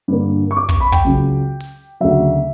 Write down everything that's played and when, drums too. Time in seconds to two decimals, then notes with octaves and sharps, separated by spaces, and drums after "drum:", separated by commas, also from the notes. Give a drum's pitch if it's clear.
0.08 G2 D3 A#3
0.51 C#6
0.57 D6
0.69 C#6, drum: kick
0.81 B5
0.92 G5, drum: kick
1.05 C#2 C#3 F#3
1.60 drum: open hi-hat
2.00 D2 C#3 F#3 E5